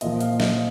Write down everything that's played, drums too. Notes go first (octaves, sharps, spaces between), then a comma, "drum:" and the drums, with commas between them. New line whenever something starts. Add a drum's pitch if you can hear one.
A#2 F3 D#5, drum: hi-hat
F5, drum: hi-hat
D#5, drum: snare